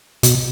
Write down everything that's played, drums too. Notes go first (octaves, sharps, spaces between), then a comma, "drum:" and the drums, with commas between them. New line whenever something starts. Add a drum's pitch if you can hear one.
B2, drum: hi-hat